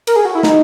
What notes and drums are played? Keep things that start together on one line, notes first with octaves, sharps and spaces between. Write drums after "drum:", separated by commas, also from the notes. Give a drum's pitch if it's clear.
A#4, drum: cymbal
G#4
F#4
E4
D#4, drum: snare